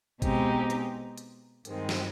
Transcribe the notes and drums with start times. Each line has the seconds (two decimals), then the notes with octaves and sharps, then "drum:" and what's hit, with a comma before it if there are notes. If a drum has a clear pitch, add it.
0.22 B2 G#3 C4 D#4 G4, drum: kick G#1, hi-hat
0.70 drum: hi-hat
1.18 drum: hi-hat
1.65 G2 D#3 G#3 C4, drum: hi-hat
1.89 drum: snare